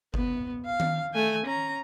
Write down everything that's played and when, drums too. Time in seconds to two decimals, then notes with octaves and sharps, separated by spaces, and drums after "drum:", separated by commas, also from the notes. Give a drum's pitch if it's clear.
0.14 B3, drum: kick G1
0.66 F5
0.80 drum: tom D#3
1.14 A3 G#5
1.46 C#4 A#5